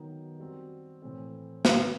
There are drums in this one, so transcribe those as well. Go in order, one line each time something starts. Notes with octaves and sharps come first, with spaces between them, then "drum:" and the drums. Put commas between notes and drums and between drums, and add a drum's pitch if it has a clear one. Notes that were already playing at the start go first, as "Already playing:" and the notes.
Already playing: D#3 F#3 B3 D#4
G3 C4 F#4
A2 E3 A3 C4
D#3 F#3 B3, drum: snare